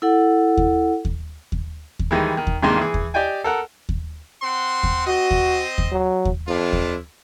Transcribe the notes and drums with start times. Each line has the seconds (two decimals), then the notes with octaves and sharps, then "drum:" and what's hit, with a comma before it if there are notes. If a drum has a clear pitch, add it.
0.02 E4 A4 F#5
0.57 drum: kick D#2
1.05 drum: kick D#2
1.52 drum: kick D#2
1.99 drum: kick D#2
2.11 D#3 E3 G3 G#3
2.37 D#3
2.47 drum: kick D#2
2.63 G2 C3 D#3 G#3 A#3 C6
2.77 E3 G#4
2.94 drum: kick D#2
3.14 G4 D5 D#5 G5 G#5
3.44 A4 A#4 F#5
3.89 drum: kick D#2
4.42 C4 F#5 C6
4.83 drum: kick D#2
5.07 C4 F#4 C5 D#5
5.31 drum: kick D#2
5.78 drum: kick D#2
5.92 F#3
6.25 drum: kick D#2
6.48 F2 D4 E4 F4
6.73 drum: kick D#2